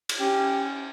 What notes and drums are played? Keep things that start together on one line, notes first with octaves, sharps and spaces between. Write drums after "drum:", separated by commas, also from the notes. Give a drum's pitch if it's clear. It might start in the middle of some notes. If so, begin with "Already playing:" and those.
drum: cymbal
C#4 G4